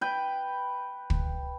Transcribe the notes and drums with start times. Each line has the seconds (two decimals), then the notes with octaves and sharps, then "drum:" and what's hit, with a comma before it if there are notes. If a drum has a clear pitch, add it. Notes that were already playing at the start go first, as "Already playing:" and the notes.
0.01 B4 G5
1.10 drum: kick